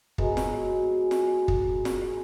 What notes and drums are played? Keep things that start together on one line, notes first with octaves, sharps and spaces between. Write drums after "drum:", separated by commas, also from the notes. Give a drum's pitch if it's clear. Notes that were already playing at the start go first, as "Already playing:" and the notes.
F#3 G#3 B3, drum: kick
drum: snare
drum: snare
drum: kick
drum: snare